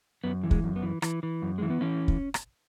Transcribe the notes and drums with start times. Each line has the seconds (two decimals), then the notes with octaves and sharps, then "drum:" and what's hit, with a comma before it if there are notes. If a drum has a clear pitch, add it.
0.24 F#2 B3
0.44 E3
0.51 G#3, drum: kick
0.64 F#2
0.76 B3
0.83 E3
1.02 E3, drum: rim click
1.23 E3
1.42 F#2
1.58 E3 G#3
1.70 B3
1.81 E3 C#4
2.08 drum: kick
2.34 drum: rim click